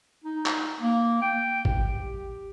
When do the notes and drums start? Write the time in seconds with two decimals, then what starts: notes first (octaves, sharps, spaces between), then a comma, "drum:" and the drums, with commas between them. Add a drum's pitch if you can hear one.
0.24 D#4
0.46 drum: clap
0.80 A#3
1.22 G5
1.65 drum: kick G#1
1.77 G4